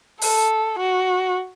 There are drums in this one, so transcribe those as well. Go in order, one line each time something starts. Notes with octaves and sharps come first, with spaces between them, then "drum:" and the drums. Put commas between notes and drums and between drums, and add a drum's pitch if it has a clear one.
A4, drum: open hi-hat
F#4